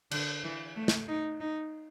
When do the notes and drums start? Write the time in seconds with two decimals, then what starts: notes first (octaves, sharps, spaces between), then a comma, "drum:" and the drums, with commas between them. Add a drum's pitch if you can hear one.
0.11 D3, drum: cymbal
0.44 E3
0.76 A3
0.88 drum: snare
1.08 D#4
1.41 D#4